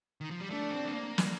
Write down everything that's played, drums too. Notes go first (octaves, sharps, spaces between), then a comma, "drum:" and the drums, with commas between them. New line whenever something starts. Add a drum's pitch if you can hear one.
D#3
F3
G3
A3 D4
C4
A3
A#3
drum: snare